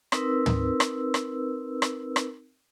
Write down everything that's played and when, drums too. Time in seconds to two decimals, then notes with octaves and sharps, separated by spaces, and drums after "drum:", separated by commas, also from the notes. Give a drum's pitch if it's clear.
0.12 C4 D#4 A#4 B4 E6, drum: rim click
0.46 drum: tom
0.80 drum: rim click
1.14 drum: rim click
1.82 drum: rim click
2.16 drum: rim click